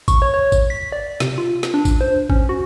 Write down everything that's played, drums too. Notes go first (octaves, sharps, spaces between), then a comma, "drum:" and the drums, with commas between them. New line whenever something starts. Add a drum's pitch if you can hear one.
C#6, drum: kick, tambourine
C#5
C#5
drum: kick, tambourine
B6
D5
C3, drum: snare
F4
drum: snare
D4
drum: kick, tambourine
C5
C#4, drum: kick
F#4